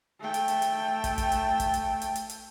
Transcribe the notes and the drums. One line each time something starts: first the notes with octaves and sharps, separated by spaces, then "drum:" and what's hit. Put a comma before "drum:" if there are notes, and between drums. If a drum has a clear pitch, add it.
A3 G5
drum: hi-hat
drum: hi-hat
drum: hi-hat
drum: kick, hi-hat
drum: kick, hi-hat
drum: hi-hat
drum: kick, hi-hat
drum: hi-hat
drum: hi-hat
drum: hi-hat
drum: hi-hat